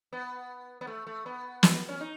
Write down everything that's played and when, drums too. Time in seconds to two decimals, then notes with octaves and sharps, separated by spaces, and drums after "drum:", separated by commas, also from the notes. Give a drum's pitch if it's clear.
0.13 B3
0.81 B3
0.87 A3
1.07 A3
1.26 B3
1.63 drum: snare
1.89 C#4
2.01 D#4